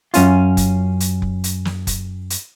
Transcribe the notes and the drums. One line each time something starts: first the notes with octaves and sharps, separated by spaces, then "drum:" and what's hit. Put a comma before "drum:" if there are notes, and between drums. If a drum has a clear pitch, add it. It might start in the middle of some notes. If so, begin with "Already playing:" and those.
F#2 C#4 F4, drum: hi-hat
drum: kick F1, hi-hat
drum: hi-hat
drum: kick F1
drum: hi-hat
drum: snare
drum: kick F1, hi-hat
drum: hi-hat